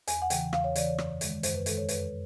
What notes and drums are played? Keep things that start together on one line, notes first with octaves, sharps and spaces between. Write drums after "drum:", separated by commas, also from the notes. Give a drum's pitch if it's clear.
E2 G#5, drum: hi-hat
F#5
C#3 E3 G5, drum: hi-hat
E2 F5, drum: rim click
C#5
C#3 E3 D5, drum: hi-hat
C#5
F#2, drum: rim click
D#3 G#3, drum: hi-hat
F#2 C5, drum: hi-hat
B4
D#3 G#3 A4, drum: hi-hat
C#5
F2 B4, drum: hi-hat